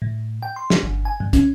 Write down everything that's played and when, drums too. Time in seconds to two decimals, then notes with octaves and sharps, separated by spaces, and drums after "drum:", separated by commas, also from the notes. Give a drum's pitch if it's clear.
0.02 A2
0.43 G5
0.56 C6
0.70 drum: snare
0.83 G1
1.05 G#5
1.20 G2
1.33 C#4, drum: kick, hi-hat